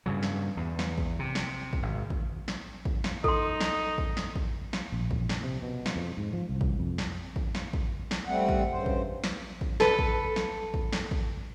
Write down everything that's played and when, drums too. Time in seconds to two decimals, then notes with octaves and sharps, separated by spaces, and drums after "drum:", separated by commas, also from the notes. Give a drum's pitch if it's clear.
0.06 G2 C#3 F#3
0.23 drum: snare
0.57 E2
0.79 drum: snare
0.98 drum: kick
1.19 C3
1.35 drum: snare
1.73 drum: kick
1.83 G#1
2.10 drum: kick
2.48 drum: snare
2.85 drum: kick
3.04 drum: snare
3.24 D#4 A4 C6, drum: kick
3.60 drum: snare
3.98 drum: kick
4.17 drum: snare
4.36 drum: kick
4.73 drum: snare
4.92 A#1
5.11 drum: kick
5.29 drum: snare
5.44 C3
5.63 B2
5.86 drum: snare
5.96 F2
6.17 G#2
6.33 F3
6.49 C2
6.61 drum: kick
6.79 F2
6.98 drum: snare
7.36 drum: kick
7.55 drum: snare
7.73 drum: kick
8.11 drum: snare
8.27 G3 A3 C4 F#5
8.49 drum: kick
8.72 G2 C#3 C5
8.86 drum: kick
9.24 drum: snare
9.61 drum: kick
9.80 A4 B4, drum: snare
9.99 drum: kick
10.36 drum: snare
10.74 drum: kick
10.93 drum: snare
11.11 drum: kick